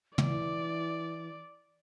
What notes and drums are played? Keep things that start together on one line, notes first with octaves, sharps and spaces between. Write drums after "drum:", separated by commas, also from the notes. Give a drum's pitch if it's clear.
E3 D5, drum: tom